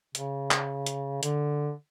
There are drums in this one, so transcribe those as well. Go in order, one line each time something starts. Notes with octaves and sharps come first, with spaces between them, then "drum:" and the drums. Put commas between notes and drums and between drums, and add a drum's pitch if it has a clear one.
C#3, drum: hi-hat
drum: clap
drum: hi-hat
D3, drum: hi-hat